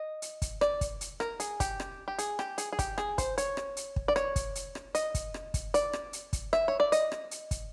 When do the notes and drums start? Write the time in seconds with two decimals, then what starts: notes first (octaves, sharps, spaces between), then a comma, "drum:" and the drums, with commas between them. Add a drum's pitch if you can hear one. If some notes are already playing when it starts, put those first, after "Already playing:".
Already playing: D#5
0.22 drum: hi-hat
0.42 drum: kick, hi-hat
0.61 D5, drum: rim click
0.81 drum: kick, hi-hat
1.01 drum: hi-hat
1.20 A#4, drum: rim click
1.40 G#4, drum: hi-hat
1.60 G4, drum: kick, hi-hat
1.80 drum: rim click
2.08 G4
2.19 G#4, drum: hi-hat
2.39 G4, drum: rim click
2.58 G#4, drum: hi-hat
2.73 G#4
2.79 G4, drum: kick, hi-hat
2.98 G#4, drum: rim click
3.18 C5, drum: kick, hi-hat
3.38 C#5, drum: hi-hat
3.57 drum: rim click
3.77 drum: hi-hat
3.96 drum: kick
4.08 D5
4.16 C#5, drum: rim click
4.36 drum: kick, hi-hat
4.55 drum: hi-hat
4.75 drum: rim click
4.95 D#5, drum: hi-hat
5.15 drum: kick, hi-hat
5.34 drum: rim click
5.54 drum: kick, hi-hat
5.74 D5, drum: hi-hat
5.93 drum: rim click
6.13 drum: hi-hat
6.33 drum: kick, hi-hat
6.53 E5, drum: rim click
6.68 C#5
6.80 D5
6.92 D#5, drum: hi-hat
7.12 drum: rim click
7.31 drum: hi-hat
7.51 drum: kick, hi-hat